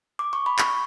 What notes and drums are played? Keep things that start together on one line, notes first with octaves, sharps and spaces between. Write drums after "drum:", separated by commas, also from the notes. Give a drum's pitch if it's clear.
D6
C#6
B5
C#6, drum: clap